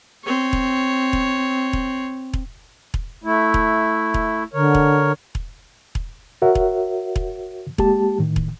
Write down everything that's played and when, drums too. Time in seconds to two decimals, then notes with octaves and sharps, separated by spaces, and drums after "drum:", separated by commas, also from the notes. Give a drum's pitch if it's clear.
0.25 C4 C#5
0.53 drum: kick E1
1.13 drum: kick E1
1.73 drum: kick E1
2.33 drum: kick E1
2.94 drum: kick E1
3.24 A3 E4
3.54 drum: kick E1
4.14 drum: kick E1
4.54 D3 A#4 C#5
4.75 drum: kick E1
5.35 drum: kick E1
5.95 drum: kick E1
6.42 F#4 A#4 C#5 E5 F#5
6.55 drum: kick E1
7.16 drum: kick E1
7.78 G#3 A#3 G4 A5, drum: kick E1
8.19 A2 D#3
8.36 drum: kick E1